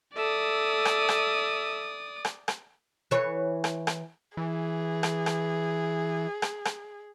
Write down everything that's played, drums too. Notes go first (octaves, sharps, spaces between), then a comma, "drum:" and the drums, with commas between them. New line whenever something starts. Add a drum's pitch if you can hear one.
A4 D5 E5 D#6
drum: rim click
drum: rim click
drum: rim click
drum: rim click
E3 C#5
drum: rim click
drum: rim click
E3 G#4
drum: rim click
drum: rim click
drum: rim click
drum: rim click